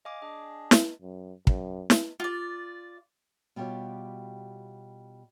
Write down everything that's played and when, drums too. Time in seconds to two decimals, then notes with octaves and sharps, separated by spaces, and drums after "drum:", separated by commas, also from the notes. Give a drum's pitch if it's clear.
0.05 D#5 F5 G#5 D6
0.22 D4 G#4 D#5
0.71 drum: snare
1.02 F#2
1.47 F#2, drum: kick
1.90 drum: snare
2.20 F4 D5
3.56 B2 G3 F4 G4 C#5